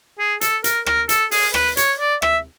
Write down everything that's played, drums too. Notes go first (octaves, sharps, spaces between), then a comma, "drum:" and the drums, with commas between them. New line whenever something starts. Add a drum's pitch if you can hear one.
G#4
A4, drum: hi-hat
A#4, drum: hi-hat
A#4, drum: rim click
A4, drum: hi-hat
G#4, drum: open hi-hat
B4, drum: rim click
C#5, drum: hi-hat
D5
E5, drum: rim click